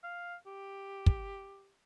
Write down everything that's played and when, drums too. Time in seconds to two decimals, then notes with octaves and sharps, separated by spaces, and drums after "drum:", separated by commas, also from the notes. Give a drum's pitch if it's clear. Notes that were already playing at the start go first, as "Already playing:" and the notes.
0.03 F5
0.47 G4
1.06 drum: kick